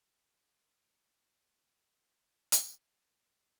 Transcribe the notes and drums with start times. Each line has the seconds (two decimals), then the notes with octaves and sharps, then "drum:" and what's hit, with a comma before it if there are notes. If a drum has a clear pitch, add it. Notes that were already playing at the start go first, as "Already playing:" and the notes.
0.98 A4
1.38 G4
2.52 drum: hi-hat